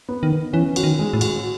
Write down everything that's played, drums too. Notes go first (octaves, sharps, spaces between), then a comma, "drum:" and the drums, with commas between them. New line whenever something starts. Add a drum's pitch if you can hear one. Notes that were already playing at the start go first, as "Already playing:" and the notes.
B3
D#3
B3
E3 C#4
F#4, drum: cymbal
D#3
G#3
A2
F#4, drum: cymbal